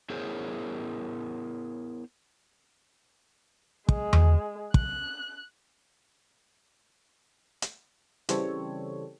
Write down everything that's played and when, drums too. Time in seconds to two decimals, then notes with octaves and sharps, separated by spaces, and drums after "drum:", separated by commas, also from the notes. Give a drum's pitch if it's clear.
0.10 B3 E4 G#4 A#4 C5 C#5
3.89 G#3, drum: kick
4.13 drum: tom E2
4.74 F#6, drum: kick
7.62 drum: hi-hat
8.29 C#3 E3 G3 C4 A4 C#5, drum: hi-hat